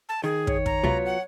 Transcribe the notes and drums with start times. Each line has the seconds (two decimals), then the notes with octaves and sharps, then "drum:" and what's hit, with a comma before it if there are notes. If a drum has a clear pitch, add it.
0.09 A5
0.24 D#3 G#4
0.47 C#5, drum: kick
0.66 A#5, drum: kick
0.84 C#2 C3 F#3 B3 F4
1.05 F#5